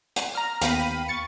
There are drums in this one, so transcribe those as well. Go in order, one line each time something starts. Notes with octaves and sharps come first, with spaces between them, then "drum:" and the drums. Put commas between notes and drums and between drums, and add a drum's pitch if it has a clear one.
drum: hi-hat
A#5 F6
D#2 B3 F5 G5 B5 D#7, drum: hi-hat
C#6 A6 C#7